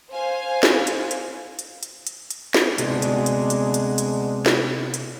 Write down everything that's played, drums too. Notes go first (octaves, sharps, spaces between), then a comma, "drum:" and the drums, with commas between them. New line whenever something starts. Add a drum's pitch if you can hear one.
C5 F5 G#5
drum: snare
drum: hi-hat
drum: hi-hat
drum: hi-hat
drum: hi-hat
drum: hi-hat
drum: hi-hat
drum: snare
D2 C3 G#3 B3 D4, drum: hi-hat
drum: hi-hat
drum: hi-hat
drum: hi-hat
drum: hi-hat
drum: hi-hat
drum: snare
drum: hi-hat